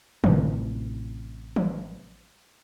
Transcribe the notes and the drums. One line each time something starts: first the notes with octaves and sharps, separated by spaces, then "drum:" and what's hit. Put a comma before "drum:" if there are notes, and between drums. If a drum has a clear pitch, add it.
A1 A2 C3, drum: tom
drum: tom